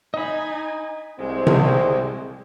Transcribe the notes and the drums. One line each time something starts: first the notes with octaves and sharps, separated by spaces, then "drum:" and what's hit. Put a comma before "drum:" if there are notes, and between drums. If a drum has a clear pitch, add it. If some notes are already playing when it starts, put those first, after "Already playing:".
D#4 D#5 G#5 B5
C2 G#3 C4
drum: tom C3